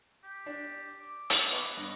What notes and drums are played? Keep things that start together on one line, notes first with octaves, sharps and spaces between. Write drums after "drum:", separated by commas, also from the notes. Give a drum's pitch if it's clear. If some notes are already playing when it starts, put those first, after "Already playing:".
G4
D4
D6
drum: hi-hat
B3 D#5 C#6 D6
G2 D#5